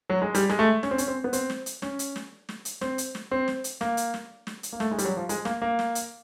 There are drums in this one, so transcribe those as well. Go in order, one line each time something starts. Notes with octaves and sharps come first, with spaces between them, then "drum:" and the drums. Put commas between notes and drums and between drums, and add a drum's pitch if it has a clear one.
F#3
G#3
G3, drum: hi-hat
G#3, drum: snare
A3
C#4, drum: snare
C4
C#4, drum: hi-hat
C4
B3
C4, drum: hi-hat
drum: snare
drum: hi-hat
C#4, drum: snare
drum: hi-hat
drum: snare
drum: snare
drum: hi-hat
C4, drum: snare
drum: hi-hat
drum: snare
C4
drum: snare
drum: hi-hat
A#3, drum: snare
drum: hi-hat
drum: snare
drum: snare
drum: hi-hat
A#3
A3, drum: snare
G#3
G3, drum: hi-hat
F#3
F3
G#3, drum: hi-hat
A#3, drum: snare
A#3
drum: snare
drum: hi-hat